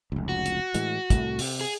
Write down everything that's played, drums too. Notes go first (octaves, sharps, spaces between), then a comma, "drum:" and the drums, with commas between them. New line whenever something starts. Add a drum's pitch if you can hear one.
F1 C#2
F#4
drum: hi-hat
A2 E3 G#3, drum: hi-hat
C2 A2 A3, drum: kick, hi-hat
C3, drum: open hi-hat
G#4